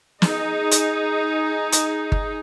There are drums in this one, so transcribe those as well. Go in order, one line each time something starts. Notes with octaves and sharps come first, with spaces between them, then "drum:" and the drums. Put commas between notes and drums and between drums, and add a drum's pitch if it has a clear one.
D#4 G#4, drum: snare
drum: hi-hat
drum: hi-hat
drum: kick G1